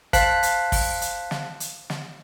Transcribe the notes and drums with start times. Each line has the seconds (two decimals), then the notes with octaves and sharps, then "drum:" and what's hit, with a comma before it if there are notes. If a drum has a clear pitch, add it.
0.13 C5 F5 A5 F#6 B6, drum: kick, hi-hat
0.43 drum: hi-hat
0.72 drum: kick, open hi-hat
1.01 drum: hi-hat
1.31 drum: snare
1.60 drum: hi-hat
1.90 drum: snare